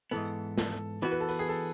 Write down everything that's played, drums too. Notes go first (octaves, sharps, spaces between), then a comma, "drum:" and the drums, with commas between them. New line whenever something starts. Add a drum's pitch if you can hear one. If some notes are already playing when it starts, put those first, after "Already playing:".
G#2 E3 B3 A4
A4, drum: snare
E3 B3 F#4
B4
A4
B4, drum: open hi-hat
G#4
A4